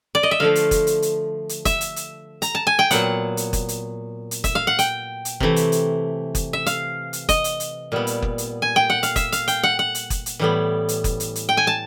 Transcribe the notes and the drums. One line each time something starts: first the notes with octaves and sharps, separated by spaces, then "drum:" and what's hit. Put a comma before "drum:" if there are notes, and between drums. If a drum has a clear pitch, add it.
D5
D#5
E5
D3 F3 A3 F5
drum: hi-hat
drum: kick F#1, hi-hat
drum: hi-hat
drum: hi-hat
drum: hi-hat
E5, drum: kick F#1, hi-hat
drum: hi-hat
drum: hi-hat
A#5, drum: hi-hat
A5
G#5
G5
A#2 F#3 B3 F#5, drum: hi-hat
drum: hi-hat
drum: kick F#1, hi-hat
drum: hi-hat
drum: hi-hat
E5, drum: kick F#1, hi-hat
F5
F#5
G5, drum: hi-hat
drum: hi-hat
C3 E3 A3, drum: kick F#1
drum: hi-hat
drum: hi-hat
drum: kick F#1, hi-hat
E5
F5, drum: hi-hat
drum: hi-hat
D#5, drum: kick F#1, hi-hat
drum: hi-hat
drum: hi-hat
A#2 G3 B3
drum: hi-hat
drum: kick F#1
drum: hi-hat
G#5
G5
F#5
F5, drum: hi-hat
E5, drum: kick F#1, hi-hat
F5, drum: hi-hat
G5, drum: hi-hat
F#5
F#5
drum: hi-hat
drum: kick F#1, hi-hat
drum: hi-hat
A2 E3 G3 B3
drum: hi-hat
drum: kick F#1, hi-hat
drum: hi-hat
drum: hi-hat
G5
G#5
A5